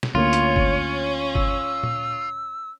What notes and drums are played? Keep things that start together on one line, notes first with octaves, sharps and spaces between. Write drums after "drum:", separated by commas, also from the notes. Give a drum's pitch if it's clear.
drum: snare
D2 A#3 C#4 F4 C#5
drum: hi-hat
drum: kick G1
E6, drum: kick G1
drum: tom A#2